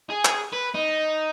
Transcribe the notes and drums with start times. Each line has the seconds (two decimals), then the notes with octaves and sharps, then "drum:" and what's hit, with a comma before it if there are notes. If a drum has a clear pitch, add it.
0.10 G#4
0.25 drum: clap
0.53 B4
0.75 D#4